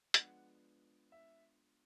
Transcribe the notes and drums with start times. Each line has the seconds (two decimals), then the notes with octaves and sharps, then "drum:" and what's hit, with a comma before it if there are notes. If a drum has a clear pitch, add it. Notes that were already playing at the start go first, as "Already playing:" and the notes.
0.14 F3 G#3 B3 D4 F#5, drum: hi-hat
1.12 E5